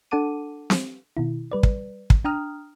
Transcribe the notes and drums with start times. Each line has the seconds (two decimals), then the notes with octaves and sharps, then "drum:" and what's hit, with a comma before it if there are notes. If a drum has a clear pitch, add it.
0.11 D4 A4 F#5 A5 D6 D#7
0.70 drum: snare C4
1.17 B2 D#3 E4
1.52 G3 B4 D5
1.63 drum: kick
2.10 drum: kick
2.25 D4 G5 A#5 D#6 F6